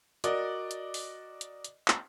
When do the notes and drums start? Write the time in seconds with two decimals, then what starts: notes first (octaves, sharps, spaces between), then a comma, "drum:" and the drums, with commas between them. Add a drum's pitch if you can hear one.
0.24 F#4 A#4 D5 D#5, drum: hi-hat
0.71 drum: hi-hat
0.94 drum: open hi-hat
1.41 drum: hi-hat
1.64 drum: hi-hat
1.88 drum: clap